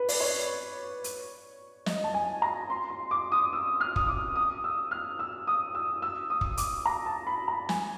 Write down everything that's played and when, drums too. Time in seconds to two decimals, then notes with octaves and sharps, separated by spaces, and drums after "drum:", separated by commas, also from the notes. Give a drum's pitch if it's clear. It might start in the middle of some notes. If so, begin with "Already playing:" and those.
Already playing: B4
0.09 D5, drum: open hi-hat
0.20 C#5
1.04 drum: hi-hat
1.86 D#5, drum: snare
2.04 A5
2.14 G#5
2.42 A#5
2.70 C6
2.90 C6
3.11 D6
3.32 D#6
3.53 E6
3.81 F6
3.96 D#6, drum: kick
4.08 D6
4.36 D#6
4.64 E6
4.91 F6
5.19 E6
5.47 D#6
5.75 E6
6.02 E6
6.30 D#6
6.41 drum: kick
6.57 D6, drum: hi-hat
6.85 A#5
7.06 A5
7.27 B5
7.48 A#5
7.69 G#5, drum: snare